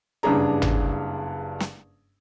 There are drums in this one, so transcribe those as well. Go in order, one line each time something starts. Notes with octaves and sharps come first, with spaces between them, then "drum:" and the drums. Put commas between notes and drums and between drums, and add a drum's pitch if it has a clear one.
F#1 G2 C#4 D4 G#4 A#5
drum: tom
drum: snare